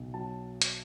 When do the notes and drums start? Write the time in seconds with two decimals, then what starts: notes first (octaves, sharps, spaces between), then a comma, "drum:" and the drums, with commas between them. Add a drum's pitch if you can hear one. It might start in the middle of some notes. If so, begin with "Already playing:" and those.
Already playing: B1
0.14 F#3 A5
0.62 drum: hi-hat